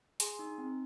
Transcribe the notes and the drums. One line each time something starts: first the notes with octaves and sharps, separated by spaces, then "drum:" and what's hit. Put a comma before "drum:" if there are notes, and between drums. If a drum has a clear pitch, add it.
G#4 G#5 C6, drum: hi-hat
D#4
C4